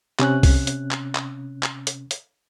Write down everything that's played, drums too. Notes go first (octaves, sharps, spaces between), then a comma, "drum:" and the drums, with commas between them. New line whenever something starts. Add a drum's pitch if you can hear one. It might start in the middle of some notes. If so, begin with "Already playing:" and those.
C3 C#4 F#6, drum: clap
drum: kick C2, open hi-hat
drum: hi-hat
drum: clap
drum: clap
drum: clap
drum: hi-hat
drum: hi-hat